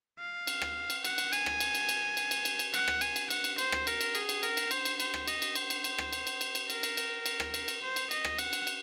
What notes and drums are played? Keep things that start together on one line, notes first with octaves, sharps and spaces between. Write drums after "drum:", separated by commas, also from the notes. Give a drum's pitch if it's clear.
F5
drum: cymbal
drum: rim click
drum: cymbal
F#5, drum: cymbal
drum: cymbal
G#5, drum: cymbal
drum: rim click
drum: cymbal
drum: cymbal
drum: cymbal
drum: cymbal
drum: cymbal
drum: cymbal
drum: cymbal
F#5, drum: cymbal
drum: rim click
G#5, drum: cymbal
drum: cymbal
F#5, drum: cymbal
drum: cymbal
C5, drum: cymbal
drum: rim click
A#4, drum: cymbal
drum: cymbal
G#4, drum: cymbal
drum: cymbal
A#4, drum: cymbal
drum: cymbal
C5, drum: cymbal
drum: cymbal
C5, drum: cymbal
drum: rim click
D#5, drum: cymbal
drum: cymbal
C5, drum: cymbal
drum: cymbal
drum: cymbal
drum: rim click
drum: cymbal
drum: cymbal
drum: cymbal
drum: cymbal
A#4, drum: cymbal
drum: cymbal
drum: cymbal
drum: cymbal
drum: rim click
drum: cymbal
drum: cymbal
C5
drum: cymbal
D#5, drum: cymbal
drum: rim click
F#5, drum: cymbal
drum: cymbal
drum: cymbal